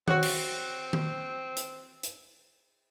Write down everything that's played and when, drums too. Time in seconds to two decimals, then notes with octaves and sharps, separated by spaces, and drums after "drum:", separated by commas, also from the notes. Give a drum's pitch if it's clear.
0.08 C4 F#4 C#5 F#5, drum: tom D#3
0.23 drum: cymbal
0.93 drum: tom D#3
1.57 drum: hi-hat
2.03 drum: hi-hat